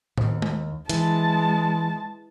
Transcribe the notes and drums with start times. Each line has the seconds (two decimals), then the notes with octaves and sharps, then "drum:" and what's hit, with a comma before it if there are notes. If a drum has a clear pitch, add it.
0.18 D#2, drum: tom A2
0.42 drum: tom G#3
0.89 E3 G#3 A5, drum: hi-hat